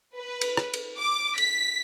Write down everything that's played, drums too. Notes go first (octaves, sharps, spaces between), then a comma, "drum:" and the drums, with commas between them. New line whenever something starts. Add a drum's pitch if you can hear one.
B4
drum: cymbal
drum: rim click
drum: cymbal
D6
B6, drum: cymbal